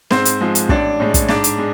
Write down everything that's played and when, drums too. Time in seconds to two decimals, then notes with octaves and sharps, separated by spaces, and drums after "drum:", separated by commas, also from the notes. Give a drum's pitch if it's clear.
0.11 G#2 C4 C5, drum: snare
0.25 drum: hi-hat
0.41 F3 G#3
0.55 drum: hi-hat
0.69 A1 D4 D5, drum: kick
1.00 A2 G#3
1.14 drum: kick, hi-hat
1.28 G#2 D4 D5, drum: snare
1.44 drum: hi-hat
1.58 G#3